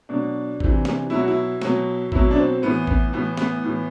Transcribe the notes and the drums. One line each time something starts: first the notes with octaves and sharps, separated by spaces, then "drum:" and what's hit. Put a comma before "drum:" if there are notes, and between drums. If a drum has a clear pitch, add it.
B2 F#3 D4
C3 E3, drum: kick A1
drum: snare
B2 F#3 E4
F#4
E4
B2 F#3, drum: snare
B2 F#3 E4, drum: kick A1
D4
C4
A2 E3 B3
B3, drum: kick A1
A2 E3 B3
B3, drum: snare
A2 E3